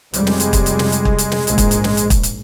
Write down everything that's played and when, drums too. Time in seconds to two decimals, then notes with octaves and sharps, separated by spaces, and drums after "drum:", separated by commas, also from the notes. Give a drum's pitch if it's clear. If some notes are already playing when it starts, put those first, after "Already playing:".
0.14 F1 G3 G#3, drum: hi-hat
0.27 drum: snare
0.40 drum: hi-hat
0.53 drum: kick, hi-hat
0.66 drum: hi-hat
0.79 drum: snare
0.92 drum: hi-hat
1.05 drum: kick
1.18 drum: hi-hat
1.32 drum: snare
1.47 A#1 G#2, drum: hi-hat
1.58 drum: kick, hi-hat
1.71 drum: hi-hat
1.84 drum: snare
1.97 drum: hi-hat
2.10 drum: kick, hi-hat
2.23 drum: hi-hat